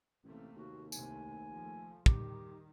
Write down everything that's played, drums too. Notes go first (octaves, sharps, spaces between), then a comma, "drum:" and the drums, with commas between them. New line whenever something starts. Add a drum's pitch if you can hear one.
A1 C3 A3 A#3
D#2 F#4
C2 C3 A3 G#5, drum: tambourine
F3 A3
D#3 G3 G4, drum: kick